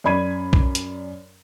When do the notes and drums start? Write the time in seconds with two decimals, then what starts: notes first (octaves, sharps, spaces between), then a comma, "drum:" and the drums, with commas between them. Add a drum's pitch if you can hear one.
0.04 F#2 D5 B5 G#6 D#7
0.53 drum: kick
0.75 drum: hi-hat